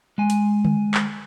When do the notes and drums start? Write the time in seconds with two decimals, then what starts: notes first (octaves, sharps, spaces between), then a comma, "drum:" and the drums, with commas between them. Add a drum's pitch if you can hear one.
0.18 G#3 G#5
0.30 drum: hi-hat
0.65 drum: tom D3
0.94 drum: clap